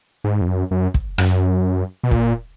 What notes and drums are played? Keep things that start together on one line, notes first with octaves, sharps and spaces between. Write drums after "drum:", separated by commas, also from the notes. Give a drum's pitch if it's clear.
G#2
F2
F#2
F#2
drum: kick
F#2, drum: rim click
B2
A#2, drum: kick